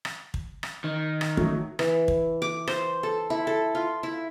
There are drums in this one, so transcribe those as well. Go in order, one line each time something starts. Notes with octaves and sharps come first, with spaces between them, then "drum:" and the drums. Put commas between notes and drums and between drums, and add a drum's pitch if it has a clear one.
drum: rim click
drum: kick
drum: rim click
D#3
drum: rim click
F#3 A3, drum: kick
E3, drum: rim click
drum: kick
D6
C5, drum: rim click
A4
E4
A4
F4
E4